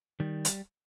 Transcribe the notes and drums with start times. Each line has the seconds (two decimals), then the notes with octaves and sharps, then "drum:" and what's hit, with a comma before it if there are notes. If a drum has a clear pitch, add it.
0.20 D#3 G3
0.45 drum: hi-hat